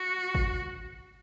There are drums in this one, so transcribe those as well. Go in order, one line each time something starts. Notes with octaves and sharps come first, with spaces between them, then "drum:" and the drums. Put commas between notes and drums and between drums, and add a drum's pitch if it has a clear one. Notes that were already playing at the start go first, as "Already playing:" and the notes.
Already playing: F#4
drum: kick G#1